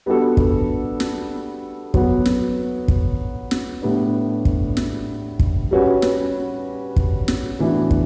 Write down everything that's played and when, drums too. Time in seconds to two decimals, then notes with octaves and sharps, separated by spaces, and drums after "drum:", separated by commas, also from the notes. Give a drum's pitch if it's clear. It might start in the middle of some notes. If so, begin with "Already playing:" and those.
0.06 G3 B3 D4 F#4 A4
0.37 drum: kick
1.00 drum: snare
1.94 F#3 B3 F#4, drum: kick
2.26 drum: snare
2.88 drum: kick
3.51 drum: snare
3.82 A2 G3 B3 D4
4.45 drum: kick
4.77 drum: snare
5.39 drum: kick
5.71 G3 C#4 F#4 B4
6.02 drum: snare
6.96 drum: kick
7.28 drum: snare
7.59 A2 E3 B3 D4 F#4
7.91 drum: kick